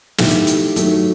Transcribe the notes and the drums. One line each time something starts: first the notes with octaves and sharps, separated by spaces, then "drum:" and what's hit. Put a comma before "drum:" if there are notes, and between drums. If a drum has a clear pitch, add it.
D#3 A3 E4 G4, drum: snare
drum: hi-hat
D#3 F#3 A3, drum: hi-hat